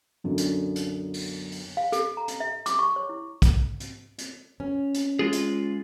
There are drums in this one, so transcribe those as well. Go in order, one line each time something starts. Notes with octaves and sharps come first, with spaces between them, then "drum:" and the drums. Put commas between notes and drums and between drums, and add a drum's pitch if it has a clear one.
B1 F#2 D3
drum: hi-hat
drum: hi-hat
drum: open hi-hat
drum: open hi-hat
F5
A4, drum: hi-hat
A#5
drum: hi-hat
E5
D6, drum: hi-hat
C#6
C#5
E4
drum: kick, hi-hat
drum: hi-hat
drum: hi-hat
C#4
drum: hi-hat
G#3 F4 G#4
drum: hi-hat